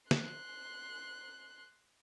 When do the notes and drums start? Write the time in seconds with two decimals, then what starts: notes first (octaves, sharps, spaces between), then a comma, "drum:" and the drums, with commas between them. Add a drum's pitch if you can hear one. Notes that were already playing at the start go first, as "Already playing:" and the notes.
0.11 C6 F#6, drum: snare